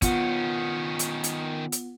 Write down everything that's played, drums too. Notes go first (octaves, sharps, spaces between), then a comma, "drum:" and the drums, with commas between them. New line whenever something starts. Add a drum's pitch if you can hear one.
D#3 B3 C#4 F4 F#5, drum: kick, hi-hat
drum: hi-hat
drum: hi-hat
drum: hi-hat